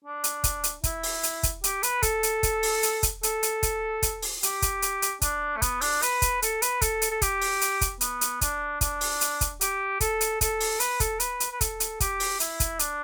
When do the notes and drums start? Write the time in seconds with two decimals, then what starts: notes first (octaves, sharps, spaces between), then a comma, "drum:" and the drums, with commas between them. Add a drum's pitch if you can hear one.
0.04 D4
0.24 drum: hi-hat
0.44 drum: kick, hi-hat
0.64 drum: hi-hat
0.84 E4, drum: kick, hi-hat
1.03 drum: open hi-hat
1.23 drum: hi-hat
1.43 drum: kick, hi-hat
1.64 G4, drum: hi-hat
1.83 B4, drum: hi-hat
2.03 A4, drum: kick, hi-hat
2.23 drum: hi-hat
2.43 drum: kick, hi-hat
2.63 drum: open hi-hat
2.83 drum: hi-hat
3.03 drum: kick, hi-hat
3.23 A4, drum: hi-hat
3.43 drum: hi-hat
3.63 drum: kick, hi-hat
4.02 drum: kick, hi-hat
4.22 drum: open hi-hat
4.43 G4, drum: hi-hat
4.62 drum: kick, hi-hat
4.82 drum: hi-hat
5.02 drum: hi-hat
5.22 D4, drum: kick, hi-hat
5.57 A3
5.62 B3, drum: kick, hi-hat
5.81 D4, drum: open hi-hat
6.02 B4, drum: hi-hat
6.22 drum: kick, hi-hat
6.42 A4, drum: hi-hat
6.62 B4, drum: hi-hat
6.81 A4, drum: kick, hi-hat
7.02 drum: hi-hat
7.11 A4
7.22 G4, drum: kick, hi-hat
7.41 drum: open hi-hat
7.61 drum: hi-hat
7.81 drum: kick, hi-hat
8.01 B3, drum: hi-hat
8.21 drum: hi-hat
8.41 D4, drum: kick, hi-hat
8.81 D4, drum: kick, hi-hat
9.01 drum: open hi-hat
9.21 drum: hi-hat
9.41 drum: kick, hi-hat
9.61 G4, drum: hi-hat
10.00 A4, drum: kick, hi-hat
10.21 drum: hi-hat
10.41 A4, drum: kick, hi-hat
10.60 drum: open hi-hat
10.80 B4, drum: hi-hat
11.00 A4, drum: kick, hi-hat
11.20 B4, drum: hi-hat
11.40 drum: hi-hat
11.51 B4
11.61 A4, drum: kick, hi-hat
11.80 drum: hi-hat
12.00 G4, drum: kick, hi-hat
12.20 drum: open hi-hat
12.40 E4, drum: hi-hat
12.60 drum: kick, hi-hat
12.79 D4, drum: hi-hat